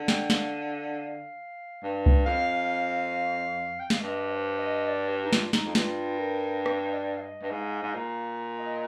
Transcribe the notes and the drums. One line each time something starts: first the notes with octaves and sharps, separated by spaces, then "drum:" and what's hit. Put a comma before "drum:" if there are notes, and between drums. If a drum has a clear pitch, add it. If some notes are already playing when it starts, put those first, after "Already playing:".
Already playing: D3
G5, drum: snare
F5, drum: snare
F5
G2
drum: kick C2
F2 F5
G5
F5, drum: snare
G2 D#5
C5
D#5
D5
G4
D#4
F4, drum: snare
D#4, drum: snare
F2
G2 F4, drum: snare
A#4
drum: rim click
D#5
D5
F5
D#5
G2
G#2 F5
G#2
A#2
D#5